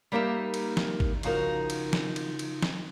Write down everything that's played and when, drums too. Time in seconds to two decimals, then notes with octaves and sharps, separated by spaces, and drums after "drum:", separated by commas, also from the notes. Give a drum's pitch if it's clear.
0.12 G3 A#3 D#4 G4 A#4 E5
0.54 drum: cymbal
0.77 drum: snare
1.00 drum: kick G#1
1.23 C#3 F3 D#4 F#4 A#4, drum: cymbal
1.70 drum: cymbal
1.93 drum: snare
2.16 drum: cymbal
2.39 drum: cymbal
2.62 drum: snare